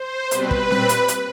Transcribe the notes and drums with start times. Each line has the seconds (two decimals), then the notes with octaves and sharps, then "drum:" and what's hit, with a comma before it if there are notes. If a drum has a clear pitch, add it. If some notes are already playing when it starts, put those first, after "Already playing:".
Already playing: C5
0.31 B2 G3 C4 B4, drum: hi-hat
0.51 drum: kick
0.70 A#2 G3 C4, drum: snare C#4
0.89 drum: hi-hat
1.08 drum: hi-hat